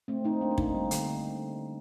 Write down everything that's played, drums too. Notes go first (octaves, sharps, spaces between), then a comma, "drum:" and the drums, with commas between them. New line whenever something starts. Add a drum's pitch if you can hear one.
A3 C4
C4 D#4
A#3 D4
D4
C4 D#4, drum: kick
G3
D3, drum: hi-hat